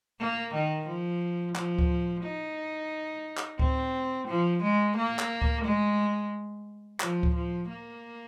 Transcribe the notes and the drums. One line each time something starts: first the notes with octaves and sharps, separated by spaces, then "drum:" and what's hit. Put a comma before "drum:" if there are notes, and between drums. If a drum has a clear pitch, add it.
A#3
D#3
F3
F3, drum: clap
drum: kick C#2
D#4
drum: clap
C4, drum: kick C#2
F3
G#3
A#3
drum: clap
drum: kick C#2
G#3
F3, drum: clap
drum: kick C#2
F3
A#3